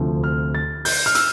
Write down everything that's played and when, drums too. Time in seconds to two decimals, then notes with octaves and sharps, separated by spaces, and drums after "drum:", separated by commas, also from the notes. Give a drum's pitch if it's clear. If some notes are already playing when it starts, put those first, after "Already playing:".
Already playing: D2 C3 F3
0.24 F6
0.55 A6
0.85 G6, drum: open hi-hat
1.06 F6
1.15 E6, drum: hi-hat